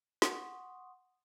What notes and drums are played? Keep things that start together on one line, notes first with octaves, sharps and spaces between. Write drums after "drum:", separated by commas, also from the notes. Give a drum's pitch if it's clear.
F#5 C6 C#6 D#6, drum: snare